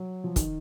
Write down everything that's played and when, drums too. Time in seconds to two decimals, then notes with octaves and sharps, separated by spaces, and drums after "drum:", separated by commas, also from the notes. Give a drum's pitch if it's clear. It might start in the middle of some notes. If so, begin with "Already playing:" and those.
Already playing: F#3
0.24 F3
0.36 D#3, drum: kick, hi-hat